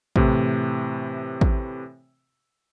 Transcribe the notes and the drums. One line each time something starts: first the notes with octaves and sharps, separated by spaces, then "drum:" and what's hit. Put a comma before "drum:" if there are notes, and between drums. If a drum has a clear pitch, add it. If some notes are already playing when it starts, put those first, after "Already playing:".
A2 C3 E3, drum: kick A1
drum: kick A1